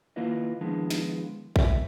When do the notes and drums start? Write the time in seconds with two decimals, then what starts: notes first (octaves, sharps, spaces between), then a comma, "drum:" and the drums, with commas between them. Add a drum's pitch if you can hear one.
0.16 D#3 A#3 E4 F4 B4 D#5
0.61 D#3 F3 G#3 B3 D4 E4
0.90 drum: snare
1.56 E5, drum: kick A#1